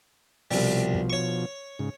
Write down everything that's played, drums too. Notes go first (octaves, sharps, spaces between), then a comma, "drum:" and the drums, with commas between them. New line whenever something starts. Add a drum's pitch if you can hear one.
C2 B2 F3 G3, drum: open hi-hat
drum: kick
C#5 C#6
G#2 C#3